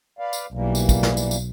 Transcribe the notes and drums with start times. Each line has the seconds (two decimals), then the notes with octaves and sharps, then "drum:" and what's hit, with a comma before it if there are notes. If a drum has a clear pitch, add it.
0.19 B4 D5 F5
0.33 drum: tambourine
0.53 B1 E3 G3 A#3
0.75 drum: tambourine
0.89 drum: kick, tambourine
1.03 drum: snare
1.17 drum: tambourine
1.31 drum: tambourine